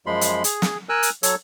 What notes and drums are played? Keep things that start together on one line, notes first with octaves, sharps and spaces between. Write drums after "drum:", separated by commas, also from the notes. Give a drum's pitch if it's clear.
F#2 F3 G#3 B5 C6
drum: hi-hat
G#4, drum: hi-hat
drum: snare
A#4 G#5 E6 F#6
drum: hi-hat
F#3 A4 C#5, drum: hi-hat